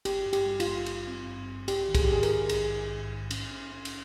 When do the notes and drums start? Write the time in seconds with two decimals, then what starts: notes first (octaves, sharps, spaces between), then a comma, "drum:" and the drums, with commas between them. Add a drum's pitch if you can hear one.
0.05 G#1 G4, drum: cymbal
0.26 G2
0.33 G4, drum: cymbal
0.46 G3
0.60 F4, drum: cymbal
0.66 G#1
0.86 G#1, drum: cymbal
1.07 C4
1.27 G2
1.48 G#1
1.68 A#1 G4, drum: cymbal
1.88 D#3
1.95 G#4, drum: kick, cymbal
2.04 G4
2.09 G#2 G#4
2.23 A#4, drum: cymbal
2.29 A#1
2.49 A#1 G#4, drum: cymbal
2.70 A#1
2.90 G#2
3.10 G#2
3.31 C#4, drum: cymbal
3.51 C#4
3.72 C#4
3.85 drum: cymbal